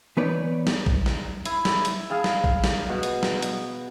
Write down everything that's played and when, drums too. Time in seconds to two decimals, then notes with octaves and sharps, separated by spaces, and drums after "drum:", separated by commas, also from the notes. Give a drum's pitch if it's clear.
0.17 E3 B3 D#4 B4 C#5 D5
0.67 drum: snare
0.86 drum: kick A#1
1.06 drum: snare
1.45 E4, drum: hi-hat
1.65 drum: snare
1.85 drum: hi-hat
2.10 G#4 F5 A5
2.24 drum: snare
2.44 drum: kick A#1
2.64 drum: snare
2.89 B2 F#5
3.03 drum: hi-hat
3.23 drum: snare
3.42 drum: hi-hat